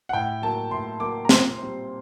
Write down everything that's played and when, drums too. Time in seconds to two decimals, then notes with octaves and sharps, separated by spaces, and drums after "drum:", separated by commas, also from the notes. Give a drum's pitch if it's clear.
0.09 F#5
0.13 A2 G5
0.42 F#3 A#3 A5
0.71 A2 C6
1.00 F#3 A#3 D6
1.25 A#5
1.29 A#2 C6, drum: snare
1.58 C4
1.63 G3